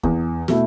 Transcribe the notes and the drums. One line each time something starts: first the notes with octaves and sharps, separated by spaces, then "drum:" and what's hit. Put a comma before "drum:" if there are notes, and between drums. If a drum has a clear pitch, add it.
E2, drum: kick E2
B2 A3 E4, drum: snare